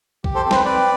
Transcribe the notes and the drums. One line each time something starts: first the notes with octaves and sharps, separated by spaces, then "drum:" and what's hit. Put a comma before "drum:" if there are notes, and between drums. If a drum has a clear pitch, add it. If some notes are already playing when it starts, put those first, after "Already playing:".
G4, drum: kick B1
A4 C5
C4 A4
C5, drum: snare
B4
C4 B4 D5